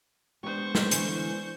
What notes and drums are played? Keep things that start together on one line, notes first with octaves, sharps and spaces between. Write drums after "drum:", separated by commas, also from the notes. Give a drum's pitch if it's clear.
G#3 B3 D4 G4 C5 C#6
drum: snare
D3 E3, drum: hi-hat